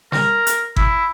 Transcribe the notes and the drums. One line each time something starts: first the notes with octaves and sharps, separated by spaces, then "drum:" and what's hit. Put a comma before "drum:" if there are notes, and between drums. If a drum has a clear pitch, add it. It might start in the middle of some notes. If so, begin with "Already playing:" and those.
A#4, drum: snare
drum: hi-hat
E4, drum: kick G1